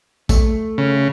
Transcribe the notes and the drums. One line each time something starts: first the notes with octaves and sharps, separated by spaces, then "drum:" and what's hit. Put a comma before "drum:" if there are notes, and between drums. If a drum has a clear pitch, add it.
A3, drum: kick, tambourine
C#3